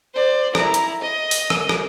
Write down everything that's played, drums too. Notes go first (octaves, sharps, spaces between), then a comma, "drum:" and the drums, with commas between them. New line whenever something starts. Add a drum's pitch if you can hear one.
C5 D5
E4 A#5, drum: rim click
drum: hi-hat
D#5
drum: open hi-hat
drum: rim click
drum: rim click